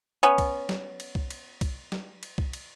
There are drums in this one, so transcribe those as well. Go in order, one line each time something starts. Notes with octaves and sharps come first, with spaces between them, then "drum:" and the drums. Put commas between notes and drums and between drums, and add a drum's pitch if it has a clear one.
B3 C#4
drum: kick C2, cymbal
drum: snare
drum: cymbal
drum: kick C2
drum: cymbal
drum: kick C2, cymbal
drum: snare
drum: cymbal
drum: kick C2
drum: cymbal